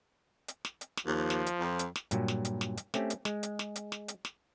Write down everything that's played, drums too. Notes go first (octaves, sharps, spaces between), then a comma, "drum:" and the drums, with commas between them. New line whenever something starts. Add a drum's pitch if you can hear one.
drum: hi-hat
drum: snare
drum: hi-hat
drum: snare
D#2 F3
drum: snare
drum: hi-hat
F2
drum: hi-hat
drum: snare
G2 A#2 F#3, drum: hi-hat
drum: snare
drum: hi-hat
drum: snare
drum: hi-hat
A3 C4 C#4 G4, drum: snare
drum: hi-hat
G#3, drum: snare
drum: hi-hat
drum: snare
drum: hi-hat
drum: snare
drum: hi-hat
drum: snare